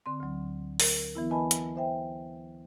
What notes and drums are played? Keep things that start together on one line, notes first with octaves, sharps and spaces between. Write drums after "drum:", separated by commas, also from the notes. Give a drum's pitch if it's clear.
D3 C4 C6
D2 F#3
A#4, drum: open hi-hat
E3 B3 E4
B4 D#5 G#5 A5 B5
drum: hi-hat
C5 E5 G5